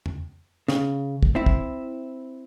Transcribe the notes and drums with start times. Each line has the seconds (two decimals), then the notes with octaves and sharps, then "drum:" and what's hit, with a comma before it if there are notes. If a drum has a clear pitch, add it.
0.06 drum: tom E2
0.68 C#3, drum: snare
1.23 drum: kick
1.35 C4 E4
1.46 drum: kick